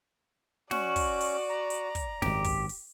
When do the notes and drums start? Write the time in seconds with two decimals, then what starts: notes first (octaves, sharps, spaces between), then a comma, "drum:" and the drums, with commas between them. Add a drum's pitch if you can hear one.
0.71 C#4 F#4 D5, drum: snare
0.96 drum: kick, open hi-hat
1.21 drum: open hi-hat
1.50 A#5
1.70 drum: hi-hat
1.95 drum: kick, hi-hat
2.22 G#1 F#2 G4, drum: snare
2.44 drum: kick, open hi-hat
2.69 drum: open hi-hat